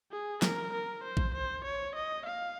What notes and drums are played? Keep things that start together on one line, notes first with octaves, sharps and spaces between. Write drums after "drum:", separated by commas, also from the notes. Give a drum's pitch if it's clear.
G#4
A#4, drum: snare
A#4
C5
drum: kick A#1
C5
C#5
D#5
F5